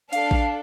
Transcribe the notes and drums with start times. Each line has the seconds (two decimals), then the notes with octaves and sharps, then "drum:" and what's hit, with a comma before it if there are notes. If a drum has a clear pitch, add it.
0.13 D4 A4 F5, drum: hi-hat
0.31 drum: kick A1